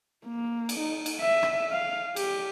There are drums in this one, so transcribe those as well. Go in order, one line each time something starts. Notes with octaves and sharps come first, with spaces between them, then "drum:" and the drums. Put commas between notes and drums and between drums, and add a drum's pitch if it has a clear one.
A#3
drum: cymbal
D#4
drum: cymbal
E5
drum: rim click
F5
G4, drum: cymbal